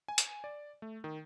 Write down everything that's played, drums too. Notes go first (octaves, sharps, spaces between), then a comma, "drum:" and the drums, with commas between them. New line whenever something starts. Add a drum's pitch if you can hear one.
G#5
drum: hi-hat
D5
A3
D#3